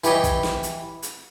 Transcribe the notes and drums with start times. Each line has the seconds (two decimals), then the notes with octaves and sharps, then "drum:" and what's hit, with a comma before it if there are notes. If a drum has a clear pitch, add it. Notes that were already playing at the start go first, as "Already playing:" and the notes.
0.04 E3 G4 B4 C#5 D#5, drum: hi-hat
0.23 drum: kick, hi-hat
0.43 drum: snare
0.63 drum: hi-hat
1.02 drum: hi-hat